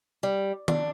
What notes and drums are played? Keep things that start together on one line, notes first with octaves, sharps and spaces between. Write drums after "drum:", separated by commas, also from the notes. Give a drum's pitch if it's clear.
G3
D4, drum: tom D#3